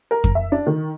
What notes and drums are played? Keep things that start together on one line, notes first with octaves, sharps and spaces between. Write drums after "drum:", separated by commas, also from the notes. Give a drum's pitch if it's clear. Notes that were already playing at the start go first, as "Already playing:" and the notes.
A#4
drum: kick F2
E5
D4
D#3